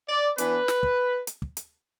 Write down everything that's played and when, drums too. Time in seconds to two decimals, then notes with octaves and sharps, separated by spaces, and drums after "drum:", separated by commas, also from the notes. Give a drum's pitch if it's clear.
0.09 D5
0.38 E3 B3 D4 B4, drum: hi-hat
0.68 drum: snare
0.83 drum: kick
1.27 drum: hi-hat
1.42 drum: kick
1.57 drum: hi-hat